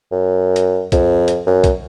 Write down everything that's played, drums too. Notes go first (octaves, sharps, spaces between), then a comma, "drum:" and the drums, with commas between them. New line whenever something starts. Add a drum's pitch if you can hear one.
F#2
drum: hi-hat
F2, drum: kick, hi-hat
drum: hi-hat
F#2
drum: kick, hi-hat